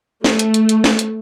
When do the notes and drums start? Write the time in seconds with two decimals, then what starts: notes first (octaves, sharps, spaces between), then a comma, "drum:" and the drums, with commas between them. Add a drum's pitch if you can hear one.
0.24 A3, drum: snare
0.39 drum: hi-hat
0.54 drum: hi-hat
0.69 drum: hi-hat
0.84 drum: snare
0.99 drum: hi-hat